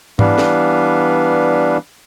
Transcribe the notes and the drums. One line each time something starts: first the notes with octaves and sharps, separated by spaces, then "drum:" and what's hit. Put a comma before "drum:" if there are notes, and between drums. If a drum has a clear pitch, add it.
E3 G3 B3 D4 B4 F5, drum: tom G#2
drum: snare